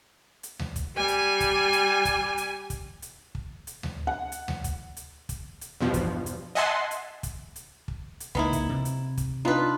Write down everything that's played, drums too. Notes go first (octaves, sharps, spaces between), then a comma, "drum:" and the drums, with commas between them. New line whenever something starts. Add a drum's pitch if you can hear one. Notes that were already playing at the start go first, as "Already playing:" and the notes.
drum: hi-hat
drum: tom D2
drum: kick, hi-hat
G3 G#5
drum: hi-hat
drum: kick, hi-hat
drum: hi-hat
drum: kick, hi-hat
drum: hi-hat
drum: kick, hi-hat
drum: hi-hat
drum: kick
drum: hi-hat
drum: tom D2
F#5
drum: hi-hat
drum: tom D2
drum: kick, hi-hat
drum: hi-hat
drum: kick, hi-hat
drum: hi-hat
E2 G2 B2 F3
drum: kick, hi-hat
drum: hi-hat
D#5 E5 F#5 G#5 A5 C6
drum: hi-hat
drum: kick, hi-hat
drum: hi-hat
drum: kick
drum: hi-hat
C#2 A#3 B3 D#4 E4
drum: kick, hi-hat
C3
drum: hi-hat
drum: kick, hi-hat
D4 D#4 F4 B4